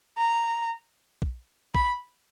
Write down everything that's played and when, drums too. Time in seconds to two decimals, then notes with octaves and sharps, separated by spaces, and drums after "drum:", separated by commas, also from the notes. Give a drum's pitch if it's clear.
0.17 A#5
1.22 drum: kick
1.75 B5, drum: kick